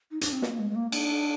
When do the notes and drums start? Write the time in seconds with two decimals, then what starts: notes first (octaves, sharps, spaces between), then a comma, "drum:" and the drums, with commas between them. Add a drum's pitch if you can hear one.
0.11 D#4
0.21 D4, drum: hi-hat
0.32 C4
0.42 A#3, drum: snare
0.53 A#3
0.59 G#3
0.70 G#3
0.75 A#3
0.92 D4, drum: cymbal